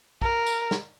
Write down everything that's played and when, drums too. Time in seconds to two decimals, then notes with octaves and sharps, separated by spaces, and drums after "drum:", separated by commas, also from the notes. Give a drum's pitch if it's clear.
0.22 A#4, drum: kick
0.46 drum: tambourine
0.71 drum: snare